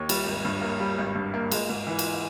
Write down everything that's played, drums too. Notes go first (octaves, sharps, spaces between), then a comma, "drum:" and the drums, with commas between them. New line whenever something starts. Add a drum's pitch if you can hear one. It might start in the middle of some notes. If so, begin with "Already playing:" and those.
Already playing: D#2 C#5
G3, drum: cymbal
G#1
G2
A#3
G3
G#1
G2
A#3
G#3, drum: cymbal
G#2
E3
drum: cymbal